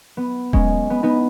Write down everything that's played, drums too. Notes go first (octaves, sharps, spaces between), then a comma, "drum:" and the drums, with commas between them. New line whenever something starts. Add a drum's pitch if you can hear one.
B3
G#3 C#4, drum: kick D#1
B3
B3 D#4